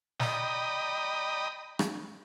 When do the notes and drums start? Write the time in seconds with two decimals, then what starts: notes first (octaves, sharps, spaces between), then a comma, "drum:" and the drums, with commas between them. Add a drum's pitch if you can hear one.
0.20 D5 D#5 G5 A#5 B5 D#6, drum: snare
1.79 drum: rim click